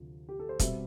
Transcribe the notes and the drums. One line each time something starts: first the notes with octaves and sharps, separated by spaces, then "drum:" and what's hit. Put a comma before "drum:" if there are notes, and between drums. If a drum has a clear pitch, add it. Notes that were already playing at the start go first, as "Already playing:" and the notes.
Already playing: D2 C3 F3
G4
A4
C5
B2 G3 C4 E5, drum: kick, hi-hat